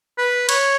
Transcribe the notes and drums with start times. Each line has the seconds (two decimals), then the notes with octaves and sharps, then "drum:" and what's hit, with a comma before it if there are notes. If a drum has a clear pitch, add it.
0.18 B4
0.49 C#5, drum: cymbal